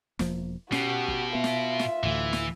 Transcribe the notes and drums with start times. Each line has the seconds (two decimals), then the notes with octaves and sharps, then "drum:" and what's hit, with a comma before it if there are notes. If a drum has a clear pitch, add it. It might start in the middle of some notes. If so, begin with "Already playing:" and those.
0.19 E1 F3 A#3, drum: snare
0.72 B2 C#4 F#4 G4, drum: snare
1.08 drum: kick
1.35 B3 F4 E5
1.44 drum: snare
1.79 drum: snare
2.03 D2 A2 E3
2.33 drum: snare